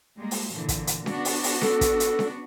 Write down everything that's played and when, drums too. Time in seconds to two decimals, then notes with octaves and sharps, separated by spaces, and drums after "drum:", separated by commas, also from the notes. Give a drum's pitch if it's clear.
0.18 G3 G#3 A#3
0.31 drum: open hi-hat
0.53 A#2 D3 E3
0.69 drum: kick, hi-hat
0.87 drum: hi-hat
1.06 B3 D4 F#4, drum: snare C#4
1.25 drum: open hi-hat
1.44 drum: open hi-hat
1.62 A4, drum: snare C#4
1.81 drum: kick, hi-hat
2.00 drum: hi-hat
2.19 drum: snare C#4